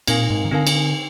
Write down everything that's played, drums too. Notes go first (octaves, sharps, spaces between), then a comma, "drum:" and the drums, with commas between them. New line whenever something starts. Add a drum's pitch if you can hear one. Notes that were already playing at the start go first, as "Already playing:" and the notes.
A#2 C4 D#4 A#4 F5 G#5, drum: cymbal
G#2
D#3
D3 C4 D#4 A#4 F5 G#5
drum: cymbal